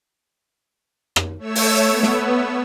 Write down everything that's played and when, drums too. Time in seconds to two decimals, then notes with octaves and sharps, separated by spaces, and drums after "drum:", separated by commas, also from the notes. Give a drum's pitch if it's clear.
1.16 drum: rim click
1.39 A3 C#5 E6
1.55 drum: open hi-hat
1.83 B3
2.03 drum: snare